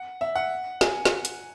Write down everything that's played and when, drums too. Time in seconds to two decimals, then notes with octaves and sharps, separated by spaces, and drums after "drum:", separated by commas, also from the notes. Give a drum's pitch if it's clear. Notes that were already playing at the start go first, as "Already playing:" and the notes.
Already playing: F#5
0.21 E5
0.35 F#5
0.81 G#5, drum: snare
1.05 drum: snare
1.25 drum: hi-hat